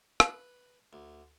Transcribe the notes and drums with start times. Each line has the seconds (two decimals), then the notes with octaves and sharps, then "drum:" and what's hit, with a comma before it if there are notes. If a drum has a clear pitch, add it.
0.20 B4, drum: rim click
0.93 D2